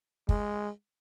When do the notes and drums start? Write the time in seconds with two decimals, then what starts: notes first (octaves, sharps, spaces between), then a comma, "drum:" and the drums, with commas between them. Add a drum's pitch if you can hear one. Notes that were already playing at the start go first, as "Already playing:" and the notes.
0.29 G#3, drum: kick